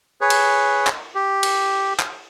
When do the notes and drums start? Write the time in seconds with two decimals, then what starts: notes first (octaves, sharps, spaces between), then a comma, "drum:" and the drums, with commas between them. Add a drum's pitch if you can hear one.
0.21 G#4 B4 C#5
0.30 drum: cymbal
0.87 drum: clap
1.15 G4
1.43 drum: cymbal
1.99 drum: clap